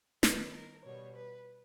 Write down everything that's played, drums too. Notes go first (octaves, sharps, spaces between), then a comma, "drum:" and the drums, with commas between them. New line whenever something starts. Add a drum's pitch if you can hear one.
D#3 G3 B3 D#4 B4, drum: snare
A#4
B2 G3 B3 C#5
B4